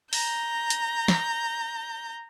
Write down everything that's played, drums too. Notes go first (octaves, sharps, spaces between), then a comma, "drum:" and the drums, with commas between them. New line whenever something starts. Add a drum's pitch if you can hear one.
A#5 G6, drum: open hi-hat
drum: hi-hat
drum: snare